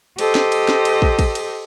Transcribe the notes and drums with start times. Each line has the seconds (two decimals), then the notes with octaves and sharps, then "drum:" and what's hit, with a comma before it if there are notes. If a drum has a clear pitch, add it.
0.18 G4 A4 C5 D#5, drum: cymbal
0.35 drum: snare
0.52 drum: cymbal
0.69 drum: snare
0.85 drum: cymbal
1.02 drum: kick
1.19 drum: kick, cymbal
1.35 drum: cymbal